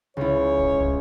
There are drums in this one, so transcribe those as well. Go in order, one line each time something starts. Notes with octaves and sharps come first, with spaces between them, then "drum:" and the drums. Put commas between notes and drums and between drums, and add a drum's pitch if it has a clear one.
C#2 E4 C#5
drum: kick
drum: kick